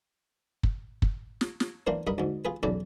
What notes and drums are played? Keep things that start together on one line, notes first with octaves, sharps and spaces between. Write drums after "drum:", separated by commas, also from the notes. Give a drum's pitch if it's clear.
drum: kick
drum: kick
drum: snare
drum: snare
E3 A#3 D4 A#4 C5
G2 A#4 D#5 B5
D2 G#2
F4 G#4 B4
B1 E2 C#3 A4 D5